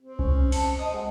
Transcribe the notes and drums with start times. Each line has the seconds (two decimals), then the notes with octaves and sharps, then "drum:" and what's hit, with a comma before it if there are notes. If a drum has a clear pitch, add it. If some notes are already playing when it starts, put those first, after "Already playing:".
0.01 C4
0.19 C#4, drum: kick C2
0.52 A5 C#7, drum: open hi-hat
0.79 D#5 D#6
0.94 G#3 F#5